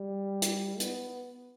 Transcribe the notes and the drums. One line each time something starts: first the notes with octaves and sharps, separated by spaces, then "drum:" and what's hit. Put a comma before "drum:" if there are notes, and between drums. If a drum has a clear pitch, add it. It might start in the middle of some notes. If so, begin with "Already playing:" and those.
Already playing: G3
drum: hi-hat
B3, drum: hi-hat